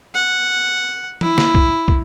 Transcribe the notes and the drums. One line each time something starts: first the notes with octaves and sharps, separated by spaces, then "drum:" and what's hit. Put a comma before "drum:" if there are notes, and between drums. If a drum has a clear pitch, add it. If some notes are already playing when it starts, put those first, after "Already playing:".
F#5
E4, drum: tom E3
drum: snare
drum: kick
drum: kick